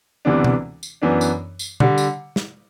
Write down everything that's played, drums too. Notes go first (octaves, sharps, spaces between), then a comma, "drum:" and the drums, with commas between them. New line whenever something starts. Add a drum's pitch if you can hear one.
D2 C3 E3 B3 D4
drum: tom B2
drum: tambourine
F#2 E3 B3 D4
drum: tambourine
drum: tambourine
D3 G3, drum: tom B2
drum: tambourine
drum: snare